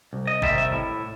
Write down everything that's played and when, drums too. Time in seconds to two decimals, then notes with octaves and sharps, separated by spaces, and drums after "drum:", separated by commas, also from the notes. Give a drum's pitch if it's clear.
0.13 C2
0.27 D#5
0.42 C3 D#3 G3 C4 E5, drum: kick
0.58 E5
0.72 A2